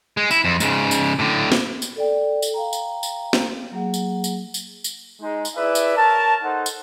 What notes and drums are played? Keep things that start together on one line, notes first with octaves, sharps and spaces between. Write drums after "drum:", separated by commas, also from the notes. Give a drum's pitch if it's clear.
G#3
E4, drum: tambourine
F2
G#2 C#3, drum: tambourine
drum: tambourine
A2 D3
drum: snare
drum: tambourine
A4 D5 G5
drum: tambourine
F5 G5 A#5
drum: tambourine
drum: tambourine
drum: snare
F#3 A#3 G#4 F#5
drum: tambourine
drum: tambourine
drum: tambourine
drum: tambourine
G#3 D#4
drum: tambourine
E4 G#4 B4 D5 E5
drum: tambourine
A#4 C#5 A5
D#4 A4 C5 F#5
drum: tambourine